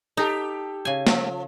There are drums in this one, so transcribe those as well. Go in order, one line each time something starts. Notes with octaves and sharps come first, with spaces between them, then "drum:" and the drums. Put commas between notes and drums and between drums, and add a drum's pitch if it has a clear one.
D#4 G4 A4
C#3 G#5
F3, drum: snare